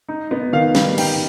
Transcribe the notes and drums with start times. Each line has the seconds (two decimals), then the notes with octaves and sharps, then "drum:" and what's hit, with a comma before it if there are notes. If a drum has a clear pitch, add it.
0.09 D#4
0.31 B3
0.53 D#3 F5
0.75 G3, drum: snare
0.98 D#4 G5, drum: cymbal